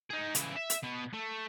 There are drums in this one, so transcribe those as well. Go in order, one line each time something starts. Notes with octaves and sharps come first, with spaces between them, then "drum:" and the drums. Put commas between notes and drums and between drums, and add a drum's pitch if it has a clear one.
D#4 G#4
C#3 E3, drum: hi-hat
E5
drum: hi-hat
B2 B3
A3